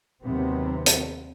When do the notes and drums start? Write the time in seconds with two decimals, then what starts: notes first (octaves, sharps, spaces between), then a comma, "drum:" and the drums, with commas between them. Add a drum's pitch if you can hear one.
0.23 D#2 C3 D#3 F#3 B3 C4
0.86 drum: hi-hat